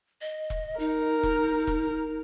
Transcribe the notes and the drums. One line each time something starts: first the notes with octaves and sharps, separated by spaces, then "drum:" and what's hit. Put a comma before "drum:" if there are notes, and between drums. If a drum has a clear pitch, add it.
D#5
drum: kick E1
D#4 A#4
drum: kick E1
drum: kick E1